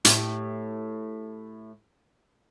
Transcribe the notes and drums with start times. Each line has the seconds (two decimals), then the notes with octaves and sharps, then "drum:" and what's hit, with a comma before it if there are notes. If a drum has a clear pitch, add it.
0.05 A2 E4 G4, drum: hi-hat